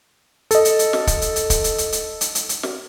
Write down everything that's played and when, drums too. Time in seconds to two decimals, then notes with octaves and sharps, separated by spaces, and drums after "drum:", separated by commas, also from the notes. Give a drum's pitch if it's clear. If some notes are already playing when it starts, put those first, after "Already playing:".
0.51 A4 D#5, drum: hi-hat
0.65 drum: hi-hat
0.79 drum: hi-hat
0.93 drum: snare
1.07 drum: kick, hi-hat
1.22 drum: hi-hat
1.36 drum: hi-hat
1.50 drum: kick, hi-hat
1.64 drum: hi-hat
1.78 drum: hi-hat
1.92 drum: hi-hat
2.21 drum: hi-hat
2.35 drum: hi-hat
2.49 drum: hi-hat
2.63 drum: snare